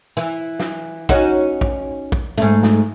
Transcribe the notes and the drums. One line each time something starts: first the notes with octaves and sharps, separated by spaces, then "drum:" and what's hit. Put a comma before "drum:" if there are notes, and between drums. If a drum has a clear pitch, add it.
E3
drum: snare
C#4 D#4 F#4, drum: kick
drum: kick
drum: kick
G#2 A3, drum: tom
drum: snare